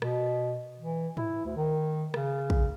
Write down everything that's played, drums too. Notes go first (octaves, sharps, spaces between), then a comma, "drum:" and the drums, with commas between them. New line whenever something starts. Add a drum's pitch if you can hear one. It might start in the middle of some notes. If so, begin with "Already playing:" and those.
B2, drum: rim click
E3
E4, drum: tom G#2
D2
D#3
C#3, drum: rim click
drum: kick